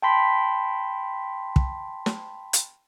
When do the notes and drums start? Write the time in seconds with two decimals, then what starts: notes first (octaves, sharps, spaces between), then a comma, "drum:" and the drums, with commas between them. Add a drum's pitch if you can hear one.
0.02 G5 A5 B5 C6 B6
1.56 drum: kick
2.06 drum: snare
2.53 drum: hi-hat